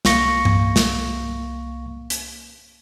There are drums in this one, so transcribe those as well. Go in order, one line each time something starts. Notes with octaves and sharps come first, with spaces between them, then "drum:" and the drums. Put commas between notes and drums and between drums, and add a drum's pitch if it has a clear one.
C2 A#3 F5 C#6 A#6 C#7, drum: snare
drum: tom G2
drum: snare
drum: hi-hat